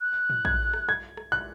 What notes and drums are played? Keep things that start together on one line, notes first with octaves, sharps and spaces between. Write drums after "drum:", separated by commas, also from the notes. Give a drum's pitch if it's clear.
F#6
drum: tom
G#6, drum: kick
drum: rim click
G#6, drum: rim click
drum: rim click
F#6